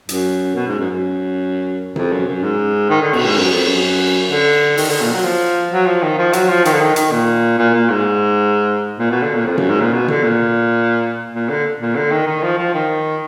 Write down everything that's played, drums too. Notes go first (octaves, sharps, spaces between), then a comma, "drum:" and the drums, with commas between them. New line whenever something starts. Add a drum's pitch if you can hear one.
F#2, drum: hi-hat
B2
G#2
F#2
F#2
F2, drum: tom C3
F#2
F#2
G#2
D#3
D3
B2, drum: cymbal
G#2
F#2
F2
F#2
D3
D#3, drum: open hi-hat
D3
A#2
F#3
F3
F#3
F3
D#3
F3
F#3, drum: hi-hat
F3
D#3, drum: hi-hat
D3
D#3
D#3, drum: hi-hat
A#2
A#2
A#2
G#2
A#2
B2
D3
A#2
F2
F#2, drum: tom C3
G#2
A#2
B2
D3, drum: tom C3
A#2
A#2
D3
A#2
D3
D#3
D#3
F3
F3
D#3